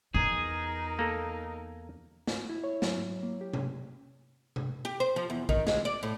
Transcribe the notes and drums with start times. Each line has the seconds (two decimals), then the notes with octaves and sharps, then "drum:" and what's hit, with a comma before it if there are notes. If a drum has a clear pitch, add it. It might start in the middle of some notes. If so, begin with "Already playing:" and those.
0.14 E2 D#4 G#4 A#4
0.99 A#3 A4
2.27 drum: snare
2.49 E4
2.64 C#5
2.82 F#3, drum: snare
2.98 G#2
3.23 A#3
3.41 G4
3.53 C#4, drum: tom C3
4.56 drum: tom C3
4.85 G4
5.00 C5
5.16 F3
5.30 E2
5.49 D#3, drum: kick A#1
5.67 G#3, drum: snare
5.85 D5
6.03 A2